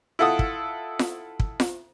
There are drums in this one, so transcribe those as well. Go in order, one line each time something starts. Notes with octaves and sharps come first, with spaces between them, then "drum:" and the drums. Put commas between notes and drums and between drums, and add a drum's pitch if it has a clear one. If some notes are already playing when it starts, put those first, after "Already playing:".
E4 F4 A4 F#5 D#6
drum: kick
drum: snare F4
drum: kick
drum: snare F4